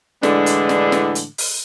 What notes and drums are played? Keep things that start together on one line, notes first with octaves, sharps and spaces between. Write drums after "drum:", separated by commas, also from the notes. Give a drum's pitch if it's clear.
A2 D3 E3 G#3 D4, drum: snare
drum: hi-hat
drum: snare
drum: snare
drum: hi-hat
drum: open hi-hat